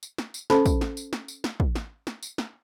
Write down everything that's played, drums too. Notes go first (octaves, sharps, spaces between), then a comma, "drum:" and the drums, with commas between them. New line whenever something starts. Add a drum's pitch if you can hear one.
drum: tambourine
drum: snare
drum: tambourine
C#4 A4 C5 A5 B5, drum: snare
drum: kick, tambourine
drum: snare
drum: tambourine
drum: snare
drum: tambourine
drum: snare
drum: kick
drum: snare
drum: snare
drum: tambourine
drum: snare